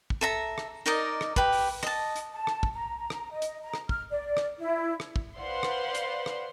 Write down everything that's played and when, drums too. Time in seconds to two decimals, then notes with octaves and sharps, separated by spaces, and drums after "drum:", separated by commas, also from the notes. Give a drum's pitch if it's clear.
0.10 drum: kick
0.21 A4 E5 A#5
0.58 drum: rim click
0.86 D#4 A#4 D5 D#5
1.21 drum: rim click
1.36 G4 B4, drum: kick
1.52 drum: open hi-hat
1.83 D#5 A5, drum: rim click
2.16 drum: hi-hat
2.32 A5
2.47 drum: rim click
2.63 drum: kick
2.73 A#5
3.10 drum: rim click
3.32 D#5
3.42 drum: hi-hat
3.62 A#5
3.74 drum: rim click
3.89 F6, drum: kick
4.10 D5
4.37 drum: rim click
4.60 E4
5.00 drum: rim click
5.16 drum: kick
5.37 B4 C5 D5 F5 F#5 C6
5.63 drum: rim click
5.95 drum: hi-hat
6.26 drum: rim click